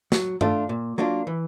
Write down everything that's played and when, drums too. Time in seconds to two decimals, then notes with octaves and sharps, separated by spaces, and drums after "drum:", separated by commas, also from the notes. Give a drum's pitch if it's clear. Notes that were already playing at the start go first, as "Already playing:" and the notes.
0.12 F#3, drum: snare
0.41 A3 D4 F4, drum: tom G2
0.69 A#2
0.98 F#3 A#3 D4 F4
1.27 E3